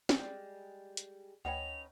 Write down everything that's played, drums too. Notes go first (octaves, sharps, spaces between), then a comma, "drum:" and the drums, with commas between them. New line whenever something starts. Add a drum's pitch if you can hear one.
G3 G#3, drum: snare
drum: hi-hat
D2 C#4 D#4 B4 C#5 F#5 G5 F7